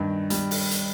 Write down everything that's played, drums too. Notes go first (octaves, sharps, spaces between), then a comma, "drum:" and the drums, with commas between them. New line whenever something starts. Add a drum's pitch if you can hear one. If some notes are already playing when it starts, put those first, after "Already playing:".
Already playing: G2 D#3
G3, drum: hi-hat
drum: open hi-hat
drum: hi-hat